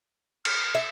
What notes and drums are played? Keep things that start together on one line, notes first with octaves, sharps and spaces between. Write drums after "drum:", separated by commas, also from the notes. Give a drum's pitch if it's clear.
F6, drum: cymbal
E5